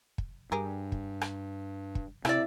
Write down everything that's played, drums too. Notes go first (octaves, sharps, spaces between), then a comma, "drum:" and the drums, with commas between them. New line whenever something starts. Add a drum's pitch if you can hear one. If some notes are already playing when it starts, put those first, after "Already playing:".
drum: kick
G2 G4 G#4 A#4
drum: kick
drum: rim click
drum: kick
C3 E4 D5 E5, drum: rim click